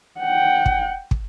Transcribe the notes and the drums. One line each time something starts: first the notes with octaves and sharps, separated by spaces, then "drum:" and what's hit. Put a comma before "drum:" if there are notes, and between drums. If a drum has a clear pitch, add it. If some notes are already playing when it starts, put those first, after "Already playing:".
F#5 G5
drum: kick
drum: kick